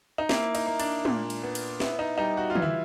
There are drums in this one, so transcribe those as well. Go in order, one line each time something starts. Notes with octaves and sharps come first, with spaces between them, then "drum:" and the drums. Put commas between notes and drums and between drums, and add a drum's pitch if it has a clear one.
D#4
A#3 E4, drum: snare
D#4, drum: cymbal
A#3
D4, drum: cymbal
A#2, drum: tom
drum: cymbal
B3
drum: cymbal
B3 E4, drum: snare
D#4
G3 D#4
F#4
F4
E3, drum: tom
E4